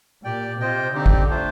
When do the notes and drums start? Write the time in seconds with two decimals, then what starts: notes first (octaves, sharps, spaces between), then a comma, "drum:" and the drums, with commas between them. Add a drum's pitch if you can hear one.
0.24 A#2 G4 D5 G5
0.60 C3 F4 C5 D#5 G5
0.95 D3 C4 D#4 G4
1.06 drum: kick
1.30 A3 D4 F4 C5